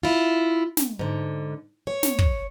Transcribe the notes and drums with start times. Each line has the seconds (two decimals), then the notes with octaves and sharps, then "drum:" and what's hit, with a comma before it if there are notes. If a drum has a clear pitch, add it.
0.03 E4 F4
0.77 drum: snare
0.99 G#2 D3
1.87 C#5
2.03 drum: snare
2.19 drum: kick